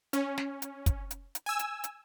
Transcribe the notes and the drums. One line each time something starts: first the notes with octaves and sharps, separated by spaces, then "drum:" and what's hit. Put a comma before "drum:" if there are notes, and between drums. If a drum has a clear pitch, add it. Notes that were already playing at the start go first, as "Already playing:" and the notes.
C#4, drum: hi-hat
drum: snare
drum: hi-hat
drum: kick, hi-hat
drum: hi-hat
drum: hi-hat
G#5 E6
drum: hi-hat
drum: hi-hat